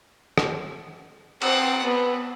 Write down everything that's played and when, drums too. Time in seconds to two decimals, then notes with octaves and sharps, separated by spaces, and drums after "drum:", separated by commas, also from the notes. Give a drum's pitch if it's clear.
0.38 drum: rim click
1.42 C4 F#5, drum: cymbal
1.84 B3